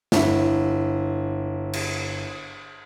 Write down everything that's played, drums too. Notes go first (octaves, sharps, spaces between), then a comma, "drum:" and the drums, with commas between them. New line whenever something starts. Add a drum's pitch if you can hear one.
G1 E4, drum: snare
drum: cymbal